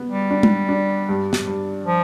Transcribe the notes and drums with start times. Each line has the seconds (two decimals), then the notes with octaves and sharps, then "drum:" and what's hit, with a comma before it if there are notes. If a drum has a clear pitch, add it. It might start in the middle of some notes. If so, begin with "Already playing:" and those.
Already playing: B3
0.10 G3
0.30 D4
0.43 drum: tom G#3
0.69 D4
1.09 G2
1.33 drum: snare
1.47 G2
1.86 F3